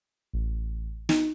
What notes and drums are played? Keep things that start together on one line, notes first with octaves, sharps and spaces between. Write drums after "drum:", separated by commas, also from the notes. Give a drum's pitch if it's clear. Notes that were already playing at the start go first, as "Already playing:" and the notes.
A1
D#4, drum: snare